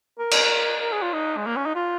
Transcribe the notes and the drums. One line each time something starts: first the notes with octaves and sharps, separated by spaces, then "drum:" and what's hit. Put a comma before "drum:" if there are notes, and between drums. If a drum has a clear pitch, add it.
A#4
drum: cymbal
A#4
G#4
F4
D#4
G#3
A#3
C#4
D#4
F4